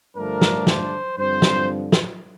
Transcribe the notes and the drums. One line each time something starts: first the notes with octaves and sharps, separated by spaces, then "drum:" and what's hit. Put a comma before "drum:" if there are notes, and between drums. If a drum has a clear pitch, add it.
G2 D3 F3 A3 D4 A#4
drum: snare
C5, drum: snare
G2 D3 F3 C4 C5
drum: snare
drum: snare